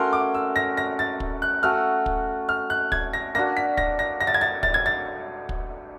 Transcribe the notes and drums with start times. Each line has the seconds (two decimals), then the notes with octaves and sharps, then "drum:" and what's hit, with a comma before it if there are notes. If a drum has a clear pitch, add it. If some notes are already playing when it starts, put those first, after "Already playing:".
Already playing: A3 C#4 F#4 A#4 C6
0.13 D6
0.34 E6
0.56 A#6
0.77 A#6
0.99 A6
1.20 drum: kick
1.42 F#6
1.63 A3 C#4 F#4 F6
2.06 drum: kick
2.49 F6
2.70 F#6
2.92 G#6, drum: kick
3.13 A#6
3.35 A#3 D4 F#4 A#6
3.57 B6
3.77 A#6, drum: kick
3.99 A#6
4.21 A#6
4.27 A6
4.34 G#6
4.41 A6
4.63 A6, drum: kick
4.74 G#6
4.86 A6
5.49 drum: kick